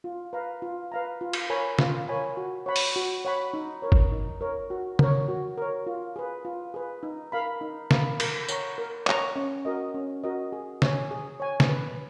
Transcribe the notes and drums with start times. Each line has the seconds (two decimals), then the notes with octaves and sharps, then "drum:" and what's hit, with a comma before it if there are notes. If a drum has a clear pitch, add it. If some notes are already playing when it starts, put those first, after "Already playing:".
0.04 F4
0.33 B4 F5 A#5
0.62 F4
0.92 B4 F5 A#5
1.21 F4
1.33 drum: cymbal
1.50 A#4 C#5 G#5 B5
1.79 F4, drum: snare
2.08 A#4 C#5 G#5 B5
2.37 F#4
2.66 C#5 F#5 B5
2.76 drum: open hi-hat
2.96 F#4
3.25 C#5 F#5 B5
3.54 D#4
3.82 A#4 C#5
3.92 drum: kick
4.12 D#4
4.41 A#4 C#5
4.70 F#4
4.99 A#4 C#5, drum: tom C#3
5.28 F#4
5.58 A#4 C#5
5.87 F4
6.16 G#4 B4
6.45 F4
6.74 G#4 B4
7.03 D#4
7.32 A#4 F5 B5
7.61 D#4
7.91 A#4 F5 B5, drum: snare
8.20 A#4, drum: cymbal
8.49 C#5 F#5 A#5 C#6, drum: tambourine
8.78 A#4
9.07 C#5 F#5 A#5 C#6, drum: clap
9.36 C#4
9.65 F#4 A#4 D#5
9.94 C#4
10.24 F#4 A#4 D#5
10.52 G#4
10.82 C#5 G#5, drum: snare
11.11 G#4
11.40 C#5 G#5
11.60 drum: snare
11.69 B4